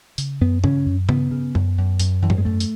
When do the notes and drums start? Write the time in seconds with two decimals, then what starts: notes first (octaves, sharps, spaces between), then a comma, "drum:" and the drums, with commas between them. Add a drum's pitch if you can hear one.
0.18 C#3, drum: hi-hat
0.41 F#2 B3
0.64 C#3 C#4, drum: tom G2
0.86 F#2
1.09 C#3 B3, drum: tom G2
1.31 C#3
1.55 F#2, drum: tom
1.78 F#2
1.99 F#2, drum: hi-hat
2.22 F#2 E3
2.30 F#3, drum: tom G#2
2.38 G#3
2.45 F#2 A3
2.60 drum: hi-hat